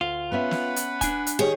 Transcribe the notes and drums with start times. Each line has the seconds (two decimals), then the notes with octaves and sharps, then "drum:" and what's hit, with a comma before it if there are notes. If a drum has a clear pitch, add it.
0.01 D2 F4
0.32 B3 C#4 E5 F#5 B5
0.51 drum: snare
0.76 drum: hi-hat
1.01 D4 G#5, drum: kick, hi-hat
1.27 drum: hi-hat
1.39 D#3 G4 G#4 C#5